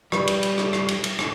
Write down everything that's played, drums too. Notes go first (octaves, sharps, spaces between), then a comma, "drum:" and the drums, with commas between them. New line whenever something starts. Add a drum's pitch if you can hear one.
G3 B4, drum: rim click
drum: cymbal
drum: cymbal
drum: rim click
drum: rim click
drum: cymbal
drum: cymbal
drum: rim click